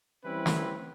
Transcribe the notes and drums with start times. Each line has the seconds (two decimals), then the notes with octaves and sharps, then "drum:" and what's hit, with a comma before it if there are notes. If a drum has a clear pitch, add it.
0.25 E3 G3 C4 C#4 E4 B4
0.46 drum: snare